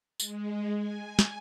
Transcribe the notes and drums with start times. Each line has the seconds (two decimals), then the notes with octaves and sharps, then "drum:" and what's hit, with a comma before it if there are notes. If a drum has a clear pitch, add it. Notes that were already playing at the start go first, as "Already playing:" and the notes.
0.20 G#3, drum: tambourine
0.77 G#5
1.19 drum: snare